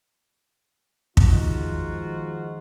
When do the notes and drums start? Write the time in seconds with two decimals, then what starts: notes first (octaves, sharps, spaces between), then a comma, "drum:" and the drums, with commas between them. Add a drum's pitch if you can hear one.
1.17 D#3 F3 G#3 D#4 F4 F#4, drum: kick